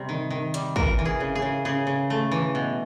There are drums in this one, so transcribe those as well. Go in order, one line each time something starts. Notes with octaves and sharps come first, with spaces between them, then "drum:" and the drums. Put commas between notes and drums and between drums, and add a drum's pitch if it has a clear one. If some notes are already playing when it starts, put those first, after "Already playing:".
Already playing: C3 G3
D#3
D#3
G3, drum: hi-hat
E3 A#4, drum: kick
E3
G#4
C#3
G#4
C#3
C#3 G#4
C#3
A3
E3
B2